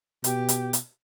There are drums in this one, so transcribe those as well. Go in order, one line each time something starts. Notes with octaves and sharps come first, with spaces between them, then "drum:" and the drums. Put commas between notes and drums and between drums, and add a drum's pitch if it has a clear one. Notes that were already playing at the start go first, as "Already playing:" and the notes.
B2 G4, drum: hi-hat
drum: hi-hat
drum: hi-hat